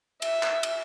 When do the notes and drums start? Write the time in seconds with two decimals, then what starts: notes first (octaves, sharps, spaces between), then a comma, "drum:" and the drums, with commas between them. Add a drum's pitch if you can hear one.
0.22 E5, drum: cymbal
0.43 drum: clap
0.63 drum: cymbal